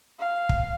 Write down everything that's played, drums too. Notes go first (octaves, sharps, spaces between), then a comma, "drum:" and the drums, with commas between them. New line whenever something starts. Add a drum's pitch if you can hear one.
F5
drum: kick